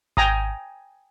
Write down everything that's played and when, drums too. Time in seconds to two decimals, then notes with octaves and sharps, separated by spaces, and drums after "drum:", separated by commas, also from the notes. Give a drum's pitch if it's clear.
0.17 G5 G#5 A#5 D#6, drum: kick G#1